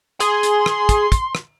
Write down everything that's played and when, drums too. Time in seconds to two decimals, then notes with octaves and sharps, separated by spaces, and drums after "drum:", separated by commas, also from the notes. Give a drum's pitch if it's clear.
0.20 G#4 C6, drum: hi-hat
0.43 drum: hi-hat
0.66 drum: rim click
0.89 drum: kick, hi-hat
1.12 drum: kick, hi-hat
1.35 drum: rim click